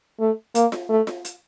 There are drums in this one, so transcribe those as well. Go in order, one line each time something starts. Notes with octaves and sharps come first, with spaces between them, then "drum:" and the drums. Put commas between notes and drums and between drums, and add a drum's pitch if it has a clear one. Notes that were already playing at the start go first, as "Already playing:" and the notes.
A3
A#3, drum: hi-hat
drum: snare F4
A3
drum: snare F4
drum: hi-hat